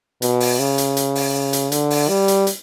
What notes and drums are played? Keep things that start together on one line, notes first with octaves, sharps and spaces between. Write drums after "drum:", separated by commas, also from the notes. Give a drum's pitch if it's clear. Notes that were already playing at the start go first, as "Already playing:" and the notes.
B2, drum: hi-hat
drum: open hi-hat
C#3
drum: hi-hat
drum: hi-hat
drum: open hi-hat
drum: hi-hat
D3, drum: hi-hat
drum: open hi-hat
G3
drum: hi-hat
drum: hi-hat